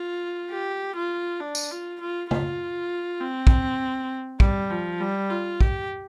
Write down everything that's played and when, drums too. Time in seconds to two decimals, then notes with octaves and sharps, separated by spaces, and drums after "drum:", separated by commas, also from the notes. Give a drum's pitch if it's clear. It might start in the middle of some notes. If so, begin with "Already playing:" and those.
Already playing: F4
0.51 G4
0.96 F4
1.40 D4
1.55 drum: tambourine
1.71 F4
2.01 F4
2.31 F4, drum: tom
3.21 C4
3.47 drum: kick
4.40 G3, drum: kick
4.71 F3
5.00 G3
5.30 F4
5.61 G4, drum: kick